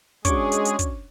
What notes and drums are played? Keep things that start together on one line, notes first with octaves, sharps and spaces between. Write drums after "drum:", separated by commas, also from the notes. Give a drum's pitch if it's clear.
G#3 C#4 D4 F#4 G#4 C#5 C#6 D6, drum: kick, hi-hat
drum: hi-hat
drum: hi-hat
drum: kick, hi-hat